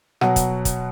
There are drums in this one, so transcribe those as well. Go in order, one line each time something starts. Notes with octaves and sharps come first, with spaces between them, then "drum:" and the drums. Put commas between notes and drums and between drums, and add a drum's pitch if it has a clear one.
B2 F#3 F#4 F#5, drum: rim click
drum: kick, hi-hat
drum: kick, hi-hat